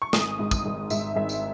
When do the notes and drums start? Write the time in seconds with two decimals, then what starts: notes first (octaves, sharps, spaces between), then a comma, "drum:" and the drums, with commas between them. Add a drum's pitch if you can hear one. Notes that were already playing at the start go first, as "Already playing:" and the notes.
0.02 C#6
0.13 G#1 D#6, drum: snare
0.39 G#2
0.51 D#6, drum: kick, tambourine
0.65 G#1
0.90 G#2 E5, drum: tambourine
1.16 G#1 E5
1.29 drum: tambourine